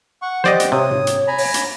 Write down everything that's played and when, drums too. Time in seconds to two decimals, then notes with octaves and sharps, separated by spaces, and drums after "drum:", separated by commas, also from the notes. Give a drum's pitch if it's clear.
0.22 F#5 C#6
0.44 G4 C5 D5 D#5 F#5 D6, drum: snare
0.60 drum: hi-hat
0.72 C3 C#5 D#6
0.91 drum: tom G#2
1.07 drum: hi-hat
1.28 G#5 A#5 B5
1.38 drum: open hi-hat
1.54 drum: hi-hat